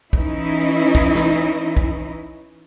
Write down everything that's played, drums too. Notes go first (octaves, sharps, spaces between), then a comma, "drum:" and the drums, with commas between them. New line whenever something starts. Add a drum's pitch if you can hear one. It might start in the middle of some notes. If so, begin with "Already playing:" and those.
E3 C#4 D#4 E4 D#5, drum: kick
drum: kick
drum: snare
drum: kick